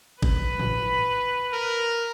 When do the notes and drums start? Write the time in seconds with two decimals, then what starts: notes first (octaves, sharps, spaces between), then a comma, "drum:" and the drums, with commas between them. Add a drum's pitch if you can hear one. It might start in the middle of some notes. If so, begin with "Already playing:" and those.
0.22 B4, drum: kick G#1
0.60 drum: tom G#2
1.53 A#4